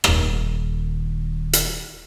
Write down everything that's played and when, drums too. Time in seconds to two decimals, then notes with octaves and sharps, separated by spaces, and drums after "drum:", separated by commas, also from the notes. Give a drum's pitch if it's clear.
0.04 D#1 D#2, drum: rim click
1.53 drum: hi-hat